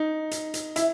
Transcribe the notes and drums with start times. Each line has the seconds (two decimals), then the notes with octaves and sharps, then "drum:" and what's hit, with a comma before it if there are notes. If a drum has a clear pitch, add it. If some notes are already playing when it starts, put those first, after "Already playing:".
Already playing: D#4
0.31 drum: hi-hat
0.54 drum: hi-hat
0.76 E4, drum: hi-hat